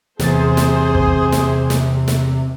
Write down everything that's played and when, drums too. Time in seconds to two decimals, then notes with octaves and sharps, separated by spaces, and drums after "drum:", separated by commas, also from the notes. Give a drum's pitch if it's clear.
0.20 E2 C3 G#4 C5 A6, drum: snare
0.57 drum: snare
0.95 drum: kick
1.32 drum: snare
1.70 drum: snare
2.08 drum: snare